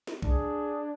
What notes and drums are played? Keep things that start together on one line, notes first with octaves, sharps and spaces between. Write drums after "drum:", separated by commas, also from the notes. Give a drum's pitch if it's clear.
drum: snare
D4 G#4, drum: kick B1